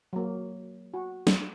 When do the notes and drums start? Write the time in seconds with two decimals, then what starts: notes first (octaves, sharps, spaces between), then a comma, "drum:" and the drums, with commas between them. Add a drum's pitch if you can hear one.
0.13 F#3 A#3
0.94 F#4
1.27 drum: snare